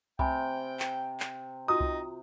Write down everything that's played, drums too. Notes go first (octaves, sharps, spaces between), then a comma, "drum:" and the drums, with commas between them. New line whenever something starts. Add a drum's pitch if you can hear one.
C3 G5 G#5 B5, drum: kick C2
drum: clap
drum: clap
D#4 F4 F#4 A#5 D#6
drum: kick C2